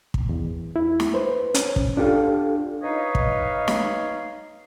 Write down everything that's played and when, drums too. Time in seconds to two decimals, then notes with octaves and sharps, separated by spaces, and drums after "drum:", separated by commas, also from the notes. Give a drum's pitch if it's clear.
0.14 drum: kick
0.29 E2
0.76 E4
1.00 drum: snare
1.14 B4 C5
1.54 C#4, drum: hi-hat
1.76 drum: kick
1.97 D4 F4 G4 A4 F5
2.82 D#4 B4 C#5 D#5 F5
3.15 drum: kick
3.68 drum: snare